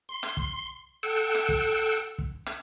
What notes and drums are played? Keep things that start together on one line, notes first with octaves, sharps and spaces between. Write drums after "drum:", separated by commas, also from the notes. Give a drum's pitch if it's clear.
C6
drum: rim click
drum: kick
A4 F#5 G5 E6
drum: rim click
drum: kick
drum: kick
drum: rim click